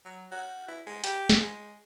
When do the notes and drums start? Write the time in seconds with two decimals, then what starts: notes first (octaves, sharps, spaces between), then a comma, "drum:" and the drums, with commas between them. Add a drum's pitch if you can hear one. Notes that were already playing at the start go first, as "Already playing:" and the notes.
0.05 F#3
0.31 F#4
0.68 E4
0.86 G#3
1.04 G4, drum: hi-hat
1.29 drum: snare
1.39 G#3